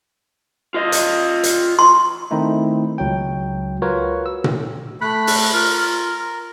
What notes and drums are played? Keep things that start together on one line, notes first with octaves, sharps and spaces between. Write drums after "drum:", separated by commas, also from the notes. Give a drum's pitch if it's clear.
F4 D#5
drum: hi-hat
drum: hi-hat
C6
D#3 A3 C4 D#4 E4
C#2 F#3 G5
F4 F#4 A#4 B4 C#5
E6
drum: tom A#2
A3 B5 F#6
drum: open hi-hat
F4 A#4 F6